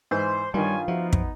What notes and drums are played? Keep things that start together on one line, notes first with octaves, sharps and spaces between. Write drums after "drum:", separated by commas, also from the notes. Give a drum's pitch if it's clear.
G#2 E3 C5
G2 D#3 G3 F4 C#5 G#5
F3 B3 D#4 E4 F#4
drum: kick